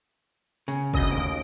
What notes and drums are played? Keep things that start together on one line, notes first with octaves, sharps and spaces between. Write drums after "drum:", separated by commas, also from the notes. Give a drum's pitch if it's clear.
C#3
D2 D#5 A#6, drum: kick
D#2 D7